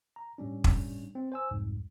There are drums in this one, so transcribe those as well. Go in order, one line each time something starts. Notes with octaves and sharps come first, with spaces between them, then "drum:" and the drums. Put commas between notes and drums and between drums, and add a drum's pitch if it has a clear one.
A#5
A2 G3 C#4 D4
drum: kick
C4
C5 G#5 E6
C2 F2 G#2